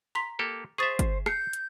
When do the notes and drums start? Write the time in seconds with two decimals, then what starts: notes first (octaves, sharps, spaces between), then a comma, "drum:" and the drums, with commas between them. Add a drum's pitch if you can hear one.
0.15 A#5 C6 B6
0.39 A#3 G4 A4
0.78 G#4 C5 E5 C#6 D#6 A6
0.99 drum: kick, hi-hat
1.26 G6 C7 C#7, drum: rim click
1.53 drum: hi-hat